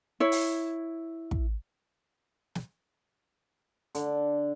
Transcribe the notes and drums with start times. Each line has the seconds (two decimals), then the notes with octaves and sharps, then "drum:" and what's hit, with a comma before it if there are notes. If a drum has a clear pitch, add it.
0.20 E4 C#5
0.32 drum: open hi-hat
1.31 drum: kick
2.55 drum: snare
3.95 D3, drum: hi-hat